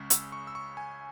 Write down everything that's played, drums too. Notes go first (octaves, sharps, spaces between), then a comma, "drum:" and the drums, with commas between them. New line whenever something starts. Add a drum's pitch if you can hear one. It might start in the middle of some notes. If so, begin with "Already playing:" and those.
Already playing: C#2 C#3 G#3 C#6
E6, drum: hi-hat
C#6
E6
C#6
G#5